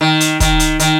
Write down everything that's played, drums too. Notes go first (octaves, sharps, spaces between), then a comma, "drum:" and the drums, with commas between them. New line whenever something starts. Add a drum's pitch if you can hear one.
D#3
drum: hi-hat
D#3, drum: kick, hi-hat
drum: hi-hat
D#3, drum: hi-hat